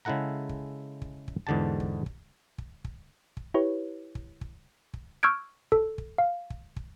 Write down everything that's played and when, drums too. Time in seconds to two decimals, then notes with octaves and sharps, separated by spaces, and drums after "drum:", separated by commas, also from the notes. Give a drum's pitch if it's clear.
0.05 C#3 G#3 E4 A4 F#5 A#5
0.49 drum: kick
1.02 drum: kick
1.28 drum: kick
1.47 E2 G#2 D3 G4 A5
1.80 drum: kick
2.06 drum: kick
2.58 drum: kick
2.84 drum: kick
3.37 drum: kick
3.54 E4 G4 B4 C#5
4.15 drum: kick
4.41 drum: kick
4.94 drum: kick
5.23 C#6 E6 F6 G6 G#6 D7
5.72 A4, drum: kick
5.98 drum: kick
6.18 F5
6.50 drum: kick
6.76 drum: kick